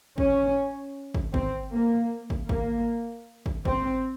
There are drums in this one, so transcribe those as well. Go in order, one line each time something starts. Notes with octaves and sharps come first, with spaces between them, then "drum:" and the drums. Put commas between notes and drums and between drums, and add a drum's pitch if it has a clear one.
C#4, drum: kick
drum: kick
C4, drum: kick
A#3
drum: kick
A#3, drum: kick
drum: kick
C4, drum: kick